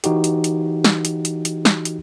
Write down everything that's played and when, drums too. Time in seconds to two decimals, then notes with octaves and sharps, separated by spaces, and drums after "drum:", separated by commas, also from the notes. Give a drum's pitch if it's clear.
0.04 E3 D#4 F#4 G4, drum: hi-hat
0.24 drum: hi-hat
0.44 drum: hi-hat
0.84 drum: snare
1.05 drum: hi-hat
1.25 drum: hi-hat
1.45 drum: hi-hat
1.65 drum: snare
1.85 drum: hi-hat